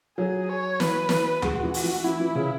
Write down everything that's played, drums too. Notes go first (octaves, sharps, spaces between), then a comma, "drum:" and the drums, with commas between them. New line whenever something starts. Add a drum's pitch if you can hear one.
F#3 G#4
C#5
B4, drum: snare
drum: snare
G#3 F#4, drum: tom D#2
E3
drum: open hi-hat
E3
E3 E4
E3
C#3